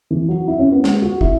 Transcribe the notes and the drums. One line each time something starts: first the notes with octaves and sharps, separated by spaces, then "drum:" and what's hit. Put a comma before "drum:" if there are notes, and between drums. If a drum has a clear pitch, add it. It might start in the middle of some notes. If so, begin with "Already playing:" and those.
E3
F#3
E4
C#4
B3
G#3, drum: snare
F#4
E4, drum: kick